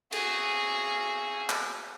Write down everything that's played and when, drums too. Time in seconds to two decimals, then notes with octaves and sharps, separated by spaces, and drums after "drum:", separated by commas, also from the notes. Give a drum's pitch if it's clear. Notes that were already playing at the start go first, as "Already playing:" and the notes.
0.12 F#4 G#4, drum: cymbal
1.49 drum: clap